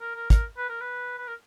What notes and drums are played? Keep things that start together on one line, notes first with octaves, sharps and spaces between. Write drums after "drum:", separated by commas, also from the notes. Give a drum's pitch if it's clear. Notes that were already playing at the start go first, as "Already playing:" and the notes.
A#4
A#4
A#4, drum: kick, hi-hat
B4
A#4
B4
B4
A#4